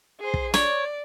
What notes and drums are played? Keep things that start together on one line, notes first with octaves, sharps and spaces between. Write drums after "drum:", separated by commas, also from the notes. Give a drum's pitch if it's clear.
G#4 C5
drum: kick
C#5 D5, drum: snare